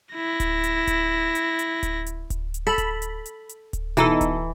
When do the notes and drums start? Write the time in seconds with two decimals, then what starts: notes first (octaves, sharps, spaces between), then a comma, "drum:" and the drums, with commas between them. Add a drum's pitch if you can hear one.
0.15 E4 A#6
0.40 drum: kick D1, hi-hat
0.64 drum: hi-hat
0.87 drum: kick D1, hi-hat
1.35 drum: hi-hat
1.59 drum: hi-hat
1.83 drum: kick D1, hi-hat
2.06 drum: hi-hat
2.30 drum: kick D1, hi-hat
2.54 drum: hi-hat
2.67 A4 B5
2.78 drum: kick D1, hi-hat
3.02 drum: hi-hat
3.26 drum: hi-hat
3.49 drum: hi-hat
3.73 drum: kick D1, hi-hat
3.97 B2 E3 D#4 A4, drum: hi-hat
4.21 drum: kick D1, hi-hat